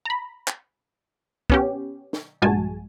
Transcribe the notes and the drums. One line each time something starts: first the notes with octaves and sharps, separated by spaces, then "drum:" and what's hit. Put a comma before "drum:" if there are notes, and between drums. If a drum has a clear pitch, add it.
A#5 B5
drum: clap
B3 C#4 G4, drum: kick
drum: snare
A#1 G2 G#3 F#4 G#5 A5